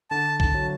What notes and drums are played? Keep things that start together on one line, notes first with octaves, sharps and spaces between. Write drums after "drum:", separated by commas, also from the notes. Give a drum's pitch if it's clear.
D3 A5
A5, drum: kick A#1
F#3